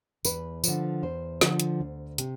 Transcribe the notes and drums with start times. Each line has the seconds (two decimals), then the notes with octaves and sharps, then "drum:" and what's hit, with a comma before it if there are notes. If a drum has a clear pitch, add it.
0.25 E2 B4, drum: tambourine
0.64 D3 F3, drum: tambourine
1.02 E2 C5
1.41 D3 F3, drum: snare
1.60 drum: hi-hat
1.80 D2
2.18 C3, drum: hi-hat